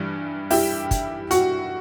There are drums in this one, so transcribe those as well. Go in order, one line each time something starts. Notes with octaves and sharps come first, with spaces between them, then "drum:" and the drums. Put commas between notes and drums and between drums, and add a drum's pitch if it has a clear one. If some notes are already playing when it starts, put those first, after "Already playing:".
Already playing: G2 E3 G3
E4 G4, drum: open hi-hat
drum: kick, hi-hat
F#4, drum: hi-hat